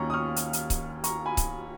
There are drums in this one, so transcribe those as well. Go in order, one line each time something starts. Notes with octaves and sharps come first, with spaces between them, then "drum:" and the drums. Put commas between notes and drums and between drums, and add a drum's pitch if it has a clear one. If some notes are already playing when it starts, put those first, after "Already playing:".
Already playing: D#2 D#3 A#3 C#4 A#5 C#6
D#6
C#6 F6
drum: hi-hat
drum: hi-hat
drum: kick C#1, hi-hat
A#5 C#6, drum: hi-hat
G#5 B5
drum: kick C#1, hi-hat